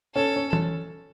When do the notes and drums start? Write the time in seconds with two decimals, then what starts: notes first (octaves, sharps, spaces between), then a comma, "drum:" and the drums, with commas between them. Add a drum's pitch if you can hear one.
0.15 C#4 A4
0.36 C#4
0.53 drum: tom E3